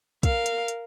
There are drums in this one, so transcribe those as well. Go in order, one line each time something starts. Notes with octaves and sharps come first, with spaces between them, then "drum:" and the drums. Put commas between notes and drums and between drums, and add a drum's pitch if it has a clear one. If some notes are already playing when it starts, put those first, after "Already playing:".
A#4 F5, drum: kick, hi-hat
drum: hi-hat
drum: hi-hat